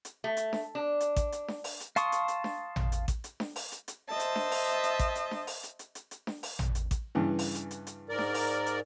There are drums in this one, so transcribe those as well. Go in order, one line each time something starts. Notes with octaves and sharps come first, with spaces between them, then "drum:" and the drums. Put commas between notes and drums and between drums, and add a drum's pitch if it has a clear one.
drum: hi-hat
A3
drum: hi-hat
drum: snare D4
D4
drum: hi-hat
drum: kick A1, hi-hat
drum: hi-hat
drum: snare D4
drum: open hi-hat
drum: hi-hat
F5 A5 C6 C#6 D#6, drum: hi-hat
drum: hi-hat
drum: hi-hat
drum: snare D4
drum: tom
drum: hi-hat
drum: kick A1, hi-hat
drum: hi-hat
drum: snare D4
drum: open hi-hat
drum: hi-hat
drum: hi-hat
C5 D#5 E5 A5
drum: hi-hat
drum: snare D4
drum: open hi-hat
drum: hi-hat
drum: kick A1, hi-hat
drum: hi-hat
drum: snare D4
drum: open hi-hat
drum: hi-hat
drum: hi-hat
drum: hi-hat
drum: hi-hat
drum: snare D4
drum: open hi-hat
drum: tom
drum: hi-hat
drum: kick A1, hi-hat
G2 C#3 E3
drum: open hi-hat
drum: hi-hat
drum: hi-hat
drum: hi-hat
G#2 A#4 D5
drum: snare D4
drum: open hi-hat
drum: hi-hat